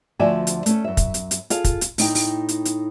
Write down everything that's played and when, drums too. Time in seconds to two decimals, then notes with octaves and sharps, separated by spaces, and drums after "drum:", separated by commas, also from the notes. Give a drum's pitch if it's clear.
0.19 D2 F3 F#4 D5 E5 G#5
0.47 drum: hi-hat
0.66 A3 C#4, drum: hi-hat
0.84 F#2 E5
0.97 drum: kick, hi-hat
1.14 drum: hi-hat
1.31 drum: hi-hat
1.50 F4 G#4 A4 F5, drum: hi-hat
1.64 drum: kick, hi-hat
1.81 drum: hi-hat
1.98 A2 D#4 G5, drum: open hi-hat
2.15 drum: open hi-hat
2.49 drum: hi-hat
2.65 drum: hi-hat